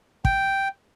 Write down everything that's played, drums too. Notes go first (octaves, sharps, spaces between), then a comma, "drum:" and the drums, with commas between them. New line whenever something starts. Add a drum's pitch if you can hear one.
G5, drum: kick